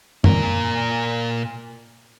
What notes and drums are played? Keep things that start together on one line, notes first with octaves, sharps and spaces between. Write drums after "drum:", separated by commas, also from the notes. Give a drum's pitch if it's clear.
A#2 A#4, drum: tom F#2